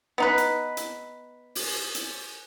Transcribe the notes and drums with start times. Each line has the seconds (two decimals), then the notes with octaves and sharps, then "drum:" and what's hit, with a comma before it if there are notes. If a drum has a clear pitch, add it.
0.18 B3 D#4 B4
0.38 drum: hi-hat
0.77 drum: hi-hat
1.55 drum: open hi-hat
1.95 drum: hi-hat